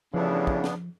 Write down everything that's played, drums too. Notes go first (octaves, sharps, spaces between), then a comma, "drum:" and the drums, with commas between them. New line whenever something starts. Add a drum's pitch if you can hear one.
A2 C#3 E3 F3 G3 B3 D4
drum: kick
drum: snare